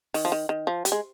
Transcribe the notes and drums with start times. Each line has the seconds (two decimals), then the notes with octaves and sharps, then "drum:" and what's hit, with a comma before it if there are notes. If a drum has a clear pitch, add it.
0.14 D#3, drum: open hi-hat
0.25 F3
0.32 D#3
0.49 D#3
0.67 F3
0.85 G3, drum: hi-hat
0.92 G#3